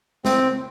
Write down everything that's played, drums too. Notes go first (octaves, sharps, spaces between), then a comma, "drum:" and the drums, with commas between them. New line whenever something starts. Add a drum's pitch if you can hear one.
C4, drum: snare